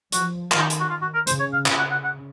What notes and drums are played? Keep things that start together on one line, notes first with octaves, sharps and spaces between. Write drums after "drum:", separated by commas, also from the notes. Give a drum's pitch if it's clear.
F3 F#4, drum: hi-hat
D#3 F4, drum: clap
D#4
drum: hi-hat
F#4
F4
F#4
A#4
C#3 C5, drum: hi-hat
C#5
F5
C#3, drum: clap
F#5
F#5
F#5